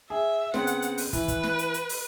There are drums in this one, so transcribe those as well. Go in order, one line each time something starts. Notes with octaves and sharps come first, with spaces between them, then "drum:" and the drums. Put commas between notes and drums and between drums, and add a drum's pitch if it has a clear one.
G#4 E5
C#3 B3 C4 F#5, drum: snare
drum: hi-hat
drum: hi-hat
drum: open hi-hat
E3 B4, drum: kick, hi-hat
drum: kick, hi-hat
drum: snare
drum: hi-hat
drum: hi-hat
drum: open hi-hat